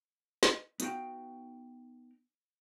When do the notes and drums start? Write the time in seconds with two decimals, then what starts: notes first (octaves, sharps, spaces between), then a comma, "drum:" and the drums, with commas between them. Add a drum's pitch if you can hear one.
0.43 drum: snare
0.80 B3 D#4 F#4 F5 G5, drum: hi-hat